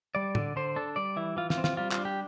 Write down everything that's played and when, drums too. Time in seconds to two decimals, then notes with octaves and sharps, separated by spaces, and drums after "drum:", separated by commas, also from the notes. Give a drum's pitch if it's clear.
0.15 G3 D5
0.35 D3, drum: tom
0.56 D3 C5
0.76 D4 A4
0.96 G3 D5
1.16 E3 E4
1.37 E3 F4
1.50 F4, drum: snare
1.58 C4
1.64 F4, drum: snare
1.77 G3 F4
1.92 F4, drum: clap
1.98 D4
2.05 G4